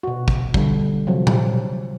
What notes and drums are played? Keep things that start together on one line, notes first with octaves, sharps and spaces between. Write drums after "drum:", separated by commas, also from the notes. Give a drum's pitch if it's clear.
B2 F#4
drum: kick
D3 G3, drum: kick
C3 F3 F#3
drum: tom A#2